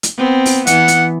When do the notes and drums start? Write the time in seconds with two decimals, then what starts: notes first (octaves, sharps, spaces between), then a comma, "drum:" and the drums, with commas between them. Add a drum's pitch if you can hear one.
0.03 drum: hi-hat
0.17 B3 C4
0.46 drum: open hi-hat
0.67 E3 B3 F#5, drum: hi-hat
0.88 drum: hi-hat